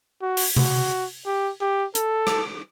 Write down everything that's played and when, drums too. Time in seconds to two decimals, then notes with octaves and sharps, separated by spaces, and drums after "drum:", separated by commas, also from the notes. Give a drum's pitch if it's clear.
0.22 F#4
0.37 drum: open hi-hat
0.57 F#4, drum: tom C3
1.26 G4
1.61 G4
1.95 A4, drum: hi-hat
2.27 drum: rim click